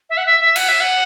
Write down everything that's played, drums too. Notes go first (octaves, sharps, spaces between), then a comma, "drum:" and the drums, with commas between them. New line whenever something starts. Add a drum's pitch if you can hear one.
E5
F#5
E5
E5
F#5, drum: cymbal
E5
F#5